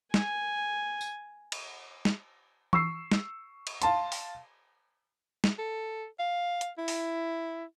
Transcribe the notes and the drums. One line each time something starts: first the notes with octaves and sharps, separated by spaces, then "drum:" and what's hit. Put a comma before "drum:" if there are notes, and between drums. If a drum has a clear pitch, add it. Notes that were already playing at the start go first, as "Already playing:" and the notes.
G#5, drum: snare
drum: tambourine
drum: cymbal
drum: snare
C#6 E6 C7, drum: tom E3
drum: snare
drum: cymbal
F5 A5 C6, drum: hi-hat
drum: open hi-hat
drum: snare
A4
F5
drum: hi-hat
E4
drum: open hi-hat